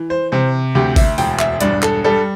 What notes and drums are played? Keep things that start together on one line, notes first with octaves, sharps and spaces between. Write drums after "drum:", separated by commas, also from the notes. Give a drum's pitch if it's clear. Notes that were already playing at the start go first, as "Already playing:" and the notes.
Already playing: E3
C5
C3 C5
D2 G4
E5, drum: kick G#1, open hi-hat
E1 G5, drum: open hi-hat
E5, drum: clap
G2 D5, drum: hi-hat
A4, drum: clap
G3 A4